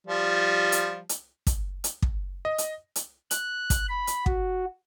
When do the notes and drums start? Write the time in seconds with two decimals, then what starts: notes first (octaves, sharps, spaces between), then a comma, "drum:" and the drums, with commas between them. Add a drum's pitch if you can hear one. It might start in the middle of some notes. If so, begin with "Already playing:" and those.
0.07 F3 G3
0.72 drum: hi-hat
1.09 drum: hi-hat
1.47 drum: kick, hi-hat
1.84 drum: hi-hat
2.02 drum: kick
2.45 D#5
2.58 drum: hi-hat
2.96 drum: hi-hat
3.31 F#6, drum: hi-hat
3.70 drum: kick, hi-hat
3.89 B5
4.07 drum: hi-hat
4.26 F#4, drum: kick